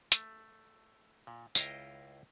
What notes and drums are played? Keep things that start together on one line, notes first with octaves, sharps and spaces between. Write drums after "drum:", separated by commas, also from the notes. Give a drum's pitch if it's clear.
A3, drum: hi-hat
A#2
C#2 E4 D#5 F5 G5 A#5, drum: tambourine